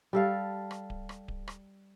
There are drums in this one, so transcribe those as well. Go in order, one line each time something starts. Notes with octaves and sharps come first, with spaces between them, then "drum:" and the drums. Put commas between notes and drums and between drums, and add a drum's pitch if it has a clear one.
G3 A4 F5
drum: rim click
drum: kick D1
drum: rim click
drum: kick D1
drum: rim click